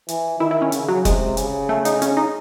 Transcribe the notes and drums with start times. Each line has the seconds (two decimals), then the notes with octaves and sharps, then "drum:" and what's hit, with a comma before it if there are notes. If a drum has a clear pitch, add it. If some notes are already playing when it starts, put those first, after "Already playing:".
0.08 E3, drum: hi-hat
0.40 D#3 E4
0.51 E4
0.62 C#4
0.72 C#3, drum: hi-hat
0.89 F#3
1.05 C3 G#3, drum: kick F#1, hi-hat
1.37 C#3, drum: hi-hat
1.69 A3
1.85 D#4, drum: hi-hat
2.02 C#4, drum: hi-hat
2.17 D#4